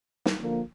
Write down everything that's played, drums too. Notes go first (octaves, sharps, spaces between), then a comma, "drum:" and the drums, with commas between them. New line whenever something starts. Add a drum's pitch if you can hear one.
drum: snare
D3 F3 A#3